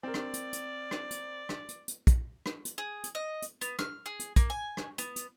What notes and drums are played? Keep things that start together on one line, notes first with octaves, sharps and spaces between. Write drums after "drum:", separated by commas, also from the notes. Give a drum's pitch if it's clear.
C4 A#4 D5
drum: rim click
drum: hi-hat
drum: hi-hat
drum: rim click
drum: hi-hat
drum: rim click
drum: hi-hat
drum: hi-hat
drum: kick, hi-hat
drum: rim click
drum: hi-hat
G#4
drum: hi-hat
D#5
drum: hi-hat
B3, drum: hi-hat
F6, drum: rim click
G#4
drum: hi-hat
A#3, drum: kick, hi-hat
G#5
drum: rim click
B3, drum: hi-hat
drum: hi-hat